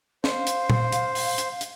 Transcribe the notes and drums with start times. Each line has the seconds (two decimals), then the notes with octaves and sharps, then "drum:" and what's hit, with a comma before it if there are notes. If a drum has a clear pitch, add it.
0.24 C5 F5, drum: snare
0.47 drum: hi-hat
0.70 drum: tom
0.92 drum: hi-hat
1.15 drum: open hi-hat
1.38 drum: hi-hat
1.61 drum: hi-hat